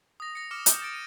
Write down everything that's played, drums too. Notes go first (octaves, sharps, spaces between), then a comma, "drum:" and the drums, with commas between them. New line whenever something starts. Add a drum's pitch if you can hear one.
D#6 A#6
A#6 C#7
D6 F6 C#7 E7
G6, drum: hi-hat
A6 D7
D#7